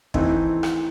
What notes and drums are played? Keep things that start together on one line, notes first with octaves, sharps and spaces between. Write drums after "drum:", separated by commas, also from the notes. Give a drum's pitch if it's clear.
E3 A3 C4 D#4, drum: kick
drum: rim click